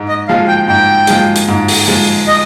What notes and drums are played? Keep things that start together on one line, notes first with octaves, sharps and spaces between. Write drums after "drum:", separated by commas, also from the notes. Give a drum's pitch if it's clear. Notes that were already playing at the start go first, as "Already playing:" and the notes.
Already playing: G#2
D#5
F3 G#3 F5
G5
G#2 G5
F3 G#3, drum: hi-hat
drum: hi-hat
G#2
drum: open hi-hat
F3 G#3
D#5